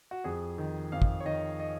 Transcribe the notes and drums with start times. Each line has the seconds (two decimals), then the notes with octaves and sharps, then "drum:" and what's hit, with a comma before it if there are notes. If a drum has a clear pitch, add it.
0.11 F#4
0.24 F2 G#4
0.58 D#3
0.92 F2 F5
1.02 drum: kick
1.20 C#5
1.26 D#3 D#5
1.60 D#5